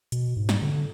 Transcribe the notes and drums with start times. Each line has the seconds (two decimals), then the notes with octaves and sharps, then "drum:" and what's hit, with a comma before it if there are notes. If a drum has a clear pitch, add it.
0.12 B2, drum: hi-hat
0.37 G#2
0.49 drum: snare
0.62 D3